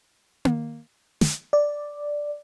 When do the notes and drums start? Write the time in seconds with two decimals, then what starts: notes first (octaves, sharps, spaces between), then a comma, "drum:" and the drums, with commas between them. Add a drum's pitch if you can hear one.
0.45 drum: tom A#3
1.21 drum: snare
1.53 D5